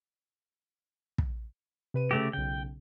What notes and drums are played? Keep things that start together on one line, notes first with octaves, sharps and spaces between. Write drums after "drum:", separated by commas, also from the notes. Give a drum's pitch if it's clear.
drum: kick
C3 B4 D#7
C#3 A3 G4 A#6
B1 C#3 G5